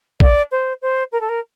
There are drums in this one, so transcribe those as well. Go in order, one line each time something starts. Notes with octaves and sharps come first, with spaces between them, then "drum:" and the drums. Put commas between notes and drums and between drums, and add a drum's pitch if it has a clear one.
D5, drum: kick
C5
C5
A#4
A4
A#4